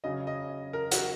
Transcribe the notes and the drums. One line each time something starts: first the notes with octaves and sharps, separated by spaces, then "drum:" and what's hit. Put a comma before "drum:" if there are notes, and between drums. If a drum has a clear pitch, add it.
C#3 F#3 C#4 D#5
D#5
A#4
F#4, drum: hi-hat